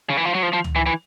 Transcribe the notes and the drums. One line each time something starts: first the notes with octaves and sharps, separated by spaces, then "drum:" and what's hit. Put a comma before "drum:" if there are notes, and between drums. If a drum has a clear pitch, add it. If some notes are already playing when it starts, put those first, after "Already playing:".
C#3
E3
F3
F#3
F3
F3
drum: tom C#2
E3
E3